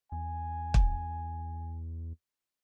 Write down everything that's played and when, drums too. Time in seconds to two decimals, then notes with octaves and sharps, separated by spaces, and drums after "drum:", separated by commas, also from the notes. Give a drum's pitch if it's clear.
0.12 E2 G#5
0.74 drum: kick